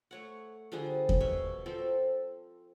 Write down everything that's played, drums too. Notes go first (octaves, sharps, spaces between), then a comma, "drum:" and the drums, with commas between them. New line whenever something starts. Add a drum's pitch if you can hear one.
A3 C#5 F#5
D3 F3 G3 G#4
drum: kick E2
B2 C#5 E5
F3 C4 A4